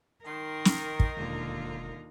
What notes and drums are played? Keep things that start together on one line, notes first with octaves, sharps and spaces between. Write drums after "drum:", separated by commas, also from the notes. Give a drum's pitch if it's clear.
D#3 D#4 A#4 C6
drum: snare
drum: kick
E1 D#2 D3 F4